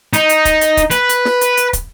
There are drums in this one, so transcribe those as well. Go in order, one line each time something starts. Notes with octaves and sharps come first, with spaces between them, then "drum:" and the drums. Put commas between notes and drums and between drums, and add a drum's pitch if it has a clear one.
D#4, drum: hi-hat
drum: hi-hat
drum: kick, hi-hat
drum: hi-hat
drum: kick, hi-hat
B4, drum: hi-hat
drum: hi-hat
drum: snare
drum: hi-hat
drum: hi-hat
drum: kick, hi-hat